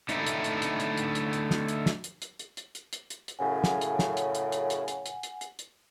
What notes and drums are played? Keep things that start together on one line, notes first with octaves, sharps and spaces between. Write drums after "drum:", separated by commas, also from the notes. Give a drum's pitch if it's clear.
D3 A3 D#4 E4, drum: hi-hat
drum: hi-hat
drum: hi-hat
drum: hi-hat
drum: hi-hat
drum: hi-hat
drum: hi-hat
drum: hi-hat
drum: snare
drum: hi-hat
drum: snare
drum: hi-hat
drum: hi-hat
drum: hi-hat
drum: hi-hat
drum: hi-hat
drum: hi-hat
drum: hi-hat
drum: hi-hat
F#2 A2 C#3 F#5 G#5
drum: snare
drum: hi-hat
drum: snare
drum: hi-hat
drum: hi-hat
drum: hi-hat
drum: hi-hat
drum: hi-hat
drum: hi-hat
drum: hi-hat
drum: hi-hat
drum: hi-hat